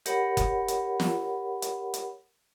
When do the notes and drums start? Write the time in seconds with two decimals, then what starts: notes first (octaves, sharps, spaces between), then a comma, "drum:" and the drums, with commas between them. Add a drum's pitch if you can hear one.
0.06 G4 A#4 C#5 F#5 B5, drum: hi-hat
0.37 drum: kick F#1, hi-hat
0.68 drum: hi-hat
1.00 drum: snare
1.62 drum: hi-hat
1.94 drum: hi-hat